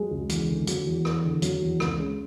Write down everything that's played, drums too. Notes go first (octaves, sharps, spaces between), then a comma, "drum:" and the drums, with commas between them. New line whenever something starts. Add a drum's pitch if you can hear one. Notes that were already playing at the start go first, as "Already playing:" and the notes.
Already playing: F#3 G#3
C#2
E2, drum: hi-hat
D3
F#3, drum: hi-hat
E2
E2, drum: rim click
D3
F#3, drum: hi-hat
E2
C#2, drum: rim click
C#3